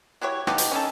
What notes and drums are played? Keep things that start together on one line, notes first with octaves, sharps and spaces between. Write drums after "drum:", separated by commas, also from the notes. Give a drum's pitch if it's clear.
F#3 E4 G4 C#5
F3 B3 D#4 G4, drum: rim click
drum: hi-hat
C#4 D#4 A4